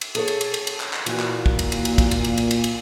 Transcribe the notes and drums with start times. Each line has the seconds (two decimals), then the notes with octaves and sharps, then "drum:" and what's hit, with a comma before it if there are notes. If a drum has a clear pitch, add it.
0.01 drum: cymbal
0.15 G#4 A4 C#5, drum: cymbal
0.28 drum: cymbal
0.41 drum: cymbal
0.54 drum: cymbal
0.67 drum: cymbal
0.80 drum: clap
0.93 drum: clap
1.06 A#2 E3 F#4, drum: cymbal
1.19 drum: clap
1.46 drum: kick
1.59 drum: cymbal
1.72 drum: cymbal
1.85 drum: cymbal
1.98 drum: kick, cymbal
2.11 drum: cymbal
2.24 drum: cymbal
2.38 drum: cymbal
2.51 drum: cymbal
2.64 drum: cymbal